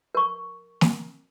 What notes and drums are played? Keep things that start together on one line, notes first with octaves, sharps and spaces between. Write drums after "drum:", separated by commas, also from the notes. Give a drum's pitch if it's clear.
A#4 C#6
drum: snare